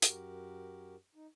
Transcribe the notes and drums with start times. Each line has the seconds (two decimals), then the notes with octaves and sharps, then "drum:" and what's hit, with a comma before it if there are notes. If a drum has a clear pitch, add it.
0.02 F#2 F#4 G4 A#4, drum: hi-hat
1.15 D#4